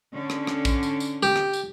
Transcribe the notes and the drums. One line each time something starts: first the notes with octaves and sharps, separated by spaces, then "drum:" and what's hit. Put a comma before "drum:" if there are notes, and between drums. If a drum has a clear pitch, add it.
D3 C#4
drum: rim click
drum: rim click
drum: kick, tambourine
drum: tambourine
drum: tambourine
G4
drum: rim click
drum: tambourine